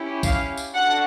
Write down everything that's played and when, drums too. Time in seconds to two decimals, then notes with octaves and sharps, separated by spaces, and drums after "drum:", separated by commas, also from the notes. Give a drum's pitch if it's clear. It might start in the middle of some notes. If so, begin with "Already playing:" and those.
Already playing: C#4 E4 G4
0.23 F5, drum: kick, tambourine
0.57 drum: tambourine
0.75 D4 F#4 A4 F#5